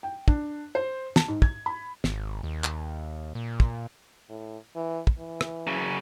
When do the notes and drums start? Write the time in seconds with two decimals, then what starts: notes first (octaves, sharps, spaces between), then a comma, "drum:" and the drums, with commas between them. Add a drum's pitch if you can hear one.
0.03 G5
0.28 D4, drum: kick
0.75 C5
1.16 A5, drum: snare
1.28 G#2
1.42 G#6, drum: kick
1.66 B5
2.04 G#1, drum: snare
2.43 D#2
2.64 drum: clap
3.35 A#2
3.60 drum: kick
4.29 A2
4.76 E3
5.07 drum: kick
5.18 E3
5.41 drum: rim click
5.67 F#2 C#3